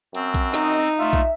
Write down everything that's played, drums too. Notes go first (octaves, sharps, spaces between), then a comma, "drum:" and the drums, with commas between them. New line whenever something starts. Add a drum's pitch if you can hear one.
F#2 C4, drum: hi-hat
drum: kick A#1, hi-hat
D#4 D#5, drum: snare
drum: hi-hat
A3 F4 E5
drum: kick A#1